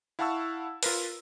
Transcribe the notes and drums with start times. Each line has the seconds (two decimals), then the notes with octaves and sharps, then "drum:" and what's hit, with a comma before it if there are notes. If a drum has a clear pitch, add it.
0.19 E4 F5 F#5 A5 C#6 E6
0.83 F4 A#4 B4, drum: open hi-hat